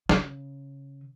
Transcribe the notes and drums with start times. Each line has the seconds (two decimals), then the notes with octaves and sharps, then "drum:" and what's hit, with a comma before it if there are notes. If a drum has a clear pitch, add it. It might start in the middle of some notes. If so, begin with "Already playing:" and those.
0.09 C#3, drum: snare